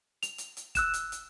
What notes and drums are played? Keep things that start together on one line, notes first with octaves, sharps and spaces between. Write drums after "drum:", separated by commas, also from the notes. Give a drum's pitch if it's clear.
F7, drum: hi-hat
drum: hi-hat
drum: hi-hat
E6 F#6 E7, drum: kick, hi-hat
drum: hi-hat
drum: hi-hat